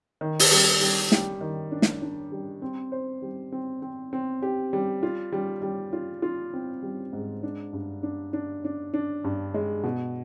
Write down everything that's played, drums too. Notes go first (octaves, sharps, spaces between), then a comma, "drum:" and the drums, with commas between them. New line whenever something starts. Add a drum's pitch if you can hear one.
D#3
drum: open hi-hat
G3
G3
G3, drum: snare
D#3
D4
drum: snare
D4
G3
C4
C5
G3
C4
C4
C4
G4
G3
F4
G3
G3
F4
F4
C4
G3
G#2
D4
G2
D4
D4
D4
D4
G2
G#3
B2